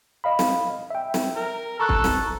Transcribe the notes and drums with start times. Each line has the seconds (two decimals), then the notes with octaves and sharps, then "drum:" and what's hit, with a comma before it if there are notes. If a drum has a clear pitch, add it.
0.24 D#5 F5 B5
0.39 drum: snare
0.90 E5 G5
1.14 drum: snare
1.36 A#4
1.80 A4 A#5 C#6 F#6
1.89 drum: kick
2.04 drum: snare